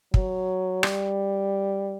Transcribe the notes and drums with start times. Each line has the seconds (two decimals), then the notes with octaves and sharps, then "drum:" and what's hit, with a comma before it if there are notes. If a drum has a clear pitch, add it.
0.14 F#3, drum: kick
0.83 G3, drum: rim click